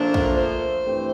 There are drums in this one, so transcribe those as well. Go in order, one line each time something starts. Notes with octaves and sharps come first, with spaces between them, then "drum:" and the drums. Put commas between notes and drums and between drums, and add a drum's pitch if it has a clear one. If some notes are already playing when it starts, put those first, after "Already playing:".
Already playing: A#2 F3 A3 D4
drum: kick
A#4
C5
G2 E3 A3 C4